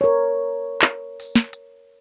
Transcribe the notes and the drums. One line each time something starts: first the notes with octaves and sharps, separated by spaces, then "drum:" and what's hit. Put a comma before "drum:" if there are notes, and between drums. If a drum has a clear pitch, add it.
A#4 C#5
drum: clap
drum: open hi-hat
drum: snare
drum: hi-hat